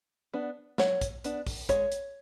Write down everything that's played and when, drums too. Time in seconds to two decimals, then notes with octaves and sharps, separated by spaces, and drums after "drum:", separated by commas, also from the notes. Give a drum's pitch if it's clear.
0.33 B3 D4
0.78 F#3 C#5, drum: snare
1.01 drum: kick, hi-hat
1.24 B3 D4, drum: hi-hat
1.47 drum: kick, open hi-hat
1.69 G#3 C#5, drum: kick, hi-hat
1.92 drum: hi-hat